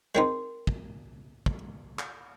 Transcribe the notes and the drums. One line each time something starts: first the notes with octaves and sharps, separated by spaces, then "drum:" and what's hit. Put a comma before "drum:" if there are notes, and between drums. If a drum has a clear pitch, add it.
G#3 C4 D#4 A#4 C6
drum: kick
drum: kick
drum: clap